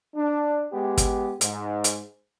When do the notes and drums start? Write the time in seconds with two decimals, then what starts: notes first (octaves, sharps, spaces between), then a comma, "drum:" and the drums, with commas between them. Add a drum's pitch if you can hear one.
0.15 D4
0.73 G#3 B3 G4
0.98 drum: kick, hi-hat
1.41 G#2, drum: hi-hat
1.84 drum: hi-hat